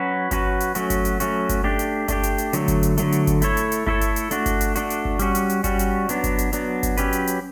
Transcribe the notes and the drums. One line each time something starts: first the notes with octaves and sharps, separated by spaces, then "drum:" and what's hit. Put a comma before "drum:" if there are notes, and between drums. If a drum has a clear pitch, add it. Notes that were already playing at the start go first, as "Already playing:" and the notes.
Already playing: F#3 C#4 F#4 B4
F#3 C#4 F#4 B4, drum: kick G1, hi-hat
drum: hi-hat
F#3 A3 C#4 F#4, drum: hi-hat
drum: kick G1, hi-hat
drum: hi-hat
F#3 A3 C#4 F#4, drum: hi-hat
drum: kick G1, hi-hat
A3 D4 G4
drum: hi-hat
A3 D4 G4, drum: kick G1, hi-hat
drum: hi-hat
drum: hi-hat
D3 F#3 A3, drum: hi-hat
drum: kick G1, hi-hat
drum: hi-hat
D3 F#3 A3, drum: hi-hat
drum: hi-hat
drum: kick G1, hi-hat
A3 E4 A4 C#5, drum: hi-hat
drum: hi-hat
drum: hi-hat
A3 E4 A4 C#5, drum: kick G1
drum: hi-hat
drum: hi-hat
A3 D4 F#4, drum: hi-hat
drum: kick G1, hi-hat
drum: hi-hat
A3 D4 F#4, drum: hi-hat
drum: hi-hat
drum: kick G1
G3 C#4 F#4, drum: hi-hat
drum: hi-hat
drum: hi-hat
G3 C#4 F#4, drum: kick G1, hi-hat
drum: hi-hat
F#3 B3 D4, drum: hi-hat
drum: kick G1, hi-hat
drum: hi-hat
F#3 B3 D4, drum: hi-hat
drum: kick G1, hi-hat
F#3 C#4 G4 B4, drum: hi-hat
drum: hi-hat
drum: hi-hat